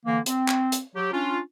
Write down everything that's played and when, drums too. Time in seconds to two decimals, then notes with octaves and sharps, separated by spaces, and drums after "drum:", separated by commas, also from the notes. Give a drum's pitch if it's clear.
0.06 D3 E3 A#3
0.26 C4, drum: hi-hat
0.48 drum: clap
0.72 drum: hi-hat
0.96 F#3 G4
1.13 C#4 D4 F4